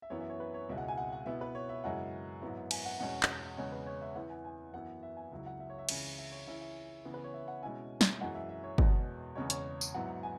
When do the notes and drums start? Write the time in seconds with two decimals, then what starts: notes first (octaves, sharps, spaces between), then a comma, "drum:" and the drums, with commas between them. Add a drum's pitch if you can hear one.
0.02 E5
0.10 F#2 E3 B3 E4 C#5
0.20 E5
0.30 C#5
0.40 B4
0.54 C#5
0.69 C#2 B2 G#3 E4 E5
0.78 F#5
0.88 G#5
0.98 F#5
1.12 F#5
1.26 B2 B3 E4 E5
1.41 B4
1.55 C#5
1.69 E5
1.84 F#2 C#3 G#3 E4 F#5
2.42 G#2 F#3 B3 E4
2.71 G#5, drum: cymbal
2.85 F#5
3.00 E2 B2 G#3 C#4 F#5
3.23 drum: clap
3.57 E2 C#3 G#3 C#4 C#5
3.72 B4
3.86 C#5
4.02 E5
4.15 E2 E3 B3 E4 F#5
4.30 G#5
4.45 G#5
4.73 F#2 E3 B3 E4 F#5
5.03 E5
5.17 G#5
5.32 C#2 C#3 F#3 E4
5.46 F#5
5.60 E5
5.70 C#5
5.78 E5
5.89 C#2 C#3 E3 C#4 E4 C#5, drum: cymbal
6.18 E5
6.32 C#5
6.47 C#3 E3 C#4 E4 E5
6.61 E5
7.05 C#3 E3 B3
7.14 B4
7.24 C#5
7.34 E5
7.48 F#5
7.63 B2 G#3 C#4 E4 G#5
8.01 drum: snare
8.21 F#2 E3 G#3 F#5
8.34 E5
8.49 E5
8.64 C#5
8.78 E2 B2 G#3 B3, drum: kick
9.35 E2 C#3 G#3 C#5
9.50 C#5, drum: hi-hat
9.81 drum: tambourine
9.94 G#2 F#3 B3 E4 F#5
10.23 G#5